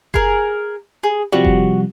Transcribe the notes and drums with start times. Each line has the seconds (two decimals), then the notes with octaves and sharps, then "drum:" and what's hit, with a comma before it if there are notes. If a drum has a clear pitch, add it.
0.14 G#4 A#4, drum: kick F#1
1.03 G#4
1.32 C3 F3 G3 F#4
1.45 drum: kick F#1